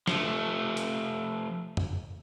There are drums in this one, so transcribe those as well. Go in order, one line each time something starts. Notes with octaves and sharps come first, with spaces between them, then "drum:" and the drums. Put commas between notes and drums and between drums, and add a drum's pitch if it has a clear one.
F3 A3, drum: snare
drum: hi-hat
drum: tom